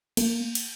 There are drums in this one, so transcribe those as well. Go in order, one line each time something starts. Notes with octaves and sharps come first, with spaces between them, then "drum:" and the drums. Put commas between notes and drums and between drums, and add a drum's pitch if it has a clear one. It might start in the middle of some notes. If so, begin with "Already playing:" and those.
A#3, drum: cymbal
drum: cymbal